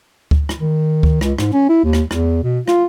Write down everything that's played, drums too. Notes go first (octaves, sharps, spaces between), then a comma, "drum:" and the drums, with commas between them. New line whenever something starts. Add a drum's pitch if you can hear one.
drum: kick D2
drum: rim click
D#3
drum: kick D2
C#2, drum: rim click
G#2, drum: rim click
C#4
E4
D#2
drum: rim click
E2, drum: rim click
B2
F4, drum: rim click